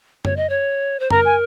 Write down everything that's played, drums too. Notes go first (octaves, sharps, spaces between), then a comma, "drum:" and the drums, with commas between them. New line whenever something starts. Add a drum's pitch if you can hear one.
C#5, drum: tom F#2
D#5
C#5
C5
A#4 A#5, drum: tom F#2
G#5